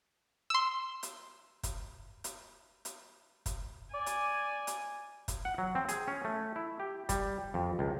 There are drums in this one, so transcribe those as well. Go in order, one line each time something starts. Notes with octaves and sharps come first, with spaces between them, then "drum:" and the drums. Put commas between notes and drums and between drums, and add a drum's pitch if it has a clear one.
C6 E6
drum: hi-hat
drum: kick, hi-hat
drum: hi-hat
drum: hi-hat
drum: kick, hi-hat
D5 G#5
drum: hi-hat
drum: hi-hat
drum: kick, hi-hat
F#5
F#3
C4
G#4, drum: hi-hat
C#4
A3
E4
G4
G3, drum: kick, hi-hat
F2
C#2